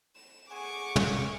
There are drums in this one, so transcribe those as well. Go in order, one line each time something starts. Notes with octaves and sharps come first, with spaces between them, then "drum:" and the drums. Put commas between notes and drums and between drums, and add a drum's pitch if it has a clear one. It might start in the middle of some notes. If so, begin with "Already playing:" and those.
E7
G#4 F#5 G#5 C#6 D6
drum: tom